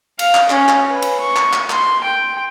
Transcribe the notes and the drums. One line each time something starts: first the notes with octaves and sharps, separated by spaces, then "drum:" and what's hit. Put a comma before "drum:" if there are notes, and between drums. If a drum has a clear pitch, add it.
F5, drum: cymbal
drum: clap
C#4, drum: clap
drum: clap
B4
drum: cymbal
C#6
drum: clap
drum: clap
C6, drum: clap
G5